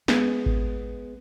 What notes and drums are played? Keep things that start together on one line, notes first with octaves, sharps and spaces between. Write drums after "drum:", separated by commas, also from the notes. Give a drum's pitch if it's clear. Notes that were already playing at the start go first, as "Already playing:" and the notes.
G#3 B3, drum: snare
drum: kick G#1